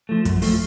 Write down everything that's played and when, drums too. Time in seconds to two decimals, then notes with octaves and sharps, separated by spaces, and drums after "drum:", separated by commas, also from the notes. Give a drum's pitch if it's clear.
0.09 F3 A3
0.25 F#2, drum: kick, hi-hat
0.42 F3 A3, drum: open hi-hat